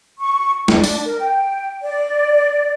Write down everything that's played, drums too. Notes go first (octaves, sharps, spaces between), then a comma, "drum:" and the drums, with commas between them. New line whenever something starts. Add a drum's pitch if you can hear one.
C#6
D4, drum: snare
drum: open hi-hat
A#4
G5
D5